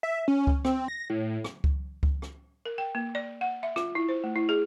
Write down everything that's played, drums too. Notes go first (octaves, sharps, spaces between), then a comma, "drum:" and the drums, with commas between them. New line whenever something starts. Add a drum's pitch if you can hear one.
E5
C#4
drum: kick C#2
C4, drum: rim click
A#6
A2
drum: rim click
drum: kick C#2
drum: kick C#2
drum: rim click
A#4
G5
A#3
D5
F#5
E5
F4, drum: rim click
E4
C5
A3
E4
G#4